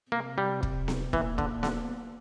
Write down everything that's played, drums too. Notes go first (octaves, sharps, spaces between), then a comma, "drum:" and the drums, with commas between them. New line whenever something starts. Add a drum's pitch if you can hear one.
C3 A#3
G3
drum: kick
drum: snare B3
A#2 E3, drum: kick
D3, drum: kick
D3, drum: snare B3